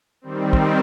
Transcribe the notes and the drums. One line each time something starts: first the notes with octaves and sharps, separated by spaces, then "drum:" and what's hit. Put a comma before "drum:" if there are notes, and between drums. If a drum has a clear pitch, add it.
D#3 G3 C4
drum: kick